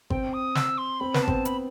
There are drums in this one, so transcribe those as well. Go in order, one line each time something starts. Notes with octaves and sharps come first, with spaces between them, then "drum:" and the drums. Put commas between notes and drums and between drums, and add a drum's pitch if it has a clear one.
C4 G5, drum: kick G#1
D#6
E6, drum: snare
C6
C4 B5
B3, drum: snare
A5
C4, drum: kick G#1
B5, drum: hi-hat